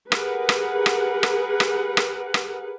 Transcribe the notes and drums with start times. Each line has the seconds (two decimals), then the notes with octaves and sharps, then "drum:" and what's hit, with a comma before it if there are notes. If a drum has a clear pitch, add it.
0.12 G4 G#4 A#4 B4 F#5, drum: rim click
0.49 drum: rim click
0.86 drum: rim click
1.23 drum: rim click
1.60 drum: rim click
1.97 drum: rim click
2.34 drum: rim click